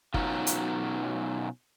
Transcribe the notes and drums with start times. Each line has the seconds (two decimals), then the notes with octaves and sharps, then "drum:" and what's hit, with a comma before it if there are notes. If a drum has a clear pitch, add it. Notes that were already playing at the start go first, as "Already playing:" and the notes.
0.14 B2 F#3 G3 C#4 D#4 F4, drum: kick G1
0.47 drum: hi-hat